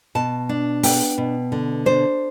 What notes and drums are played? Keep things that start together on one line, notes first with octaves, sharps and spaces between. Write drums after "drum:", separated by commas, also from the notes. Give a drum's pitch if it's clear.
B2 A5
D4
B3 G5, drum: open hi-hat
B2
D3
D4 C5